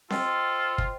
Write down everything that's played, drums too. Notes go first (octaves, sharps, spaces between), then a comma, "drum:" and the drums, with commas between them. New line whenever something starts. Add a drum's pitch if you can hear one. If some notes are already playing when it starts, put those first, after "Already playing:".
F4 A4 C5 D#5 G5, drum: snare C4
drum: kick